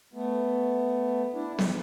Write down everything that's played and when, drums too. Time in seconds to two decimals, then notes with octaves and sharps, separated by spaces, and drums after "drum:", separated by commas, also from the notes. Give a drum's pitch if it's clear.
0.14 A3 B3
1.34 D4 E4
1.59 drum: snare B3